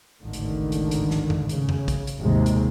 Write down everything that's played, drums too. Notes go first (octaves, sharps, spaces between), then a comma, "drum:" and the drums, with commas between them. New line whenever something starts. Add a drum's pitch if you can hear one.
G#1 C#2 A2 D3 D#3
drum: hi-hat
drum: hi-hat
drum: hi-hat
drum: snare
drum: tom F2
C#3, drum: hi-hat
drum: tom F2
drum: kick, hi-hat
drum: hi-hat
G#1 D#2 C3 G#3
drum: hi-hat